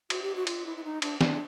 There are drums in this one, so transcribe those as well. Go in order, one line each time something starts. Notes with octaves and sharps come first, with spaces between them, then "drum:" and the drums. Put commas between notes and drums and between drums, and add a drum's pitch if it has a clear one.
F#4, drum: cymbal
G4
F#4
F4, drum: cymbal
E4
E4
D#4
D4, drum: cymbal
D4, drum: snare